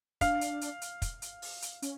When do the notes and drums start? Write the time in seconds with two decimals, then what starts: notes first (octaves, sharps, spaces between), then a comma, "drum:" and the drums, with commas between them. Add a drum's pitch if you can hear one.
0.21 D4 F5, drum: kick, hi-hat
0.41 drum: hi-hat
0.61 drum: hi-hat
0.82 drum: hi-hat
1.02 drum: kick, hi-hat
1.22 drum: hi-hat
1.42 drum: open hi-hat
1.62 drum: hi-hat
1.82 C#4, drum: hi-hat